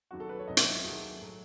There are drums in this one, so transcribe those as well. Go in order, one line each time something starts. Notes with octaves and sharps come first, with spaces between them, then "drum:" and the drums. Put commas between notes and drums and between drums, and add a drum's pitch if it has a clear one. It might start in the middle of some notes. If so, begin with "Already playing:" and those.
D#2 C#3 F#3 F#4
A4
B4
C#5
B1 A2 F#3 D#5
E5, drum: hi-hat
D#5
E4
D#2 D#3 F#3 G#4
A2 F#3